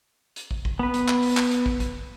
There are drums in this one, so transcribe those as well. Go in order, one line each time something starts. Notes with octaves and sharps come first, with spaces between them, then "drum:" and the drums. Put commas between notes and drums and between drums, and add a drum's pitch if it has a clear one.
drum: hi-hat
drum: kick
drum: kick
B3 B4
drum: hi-hat
drum: clap
drum: open hi-hat
drum: clap
drum: hi-hat
drum: kick
drum: kick, hi-hat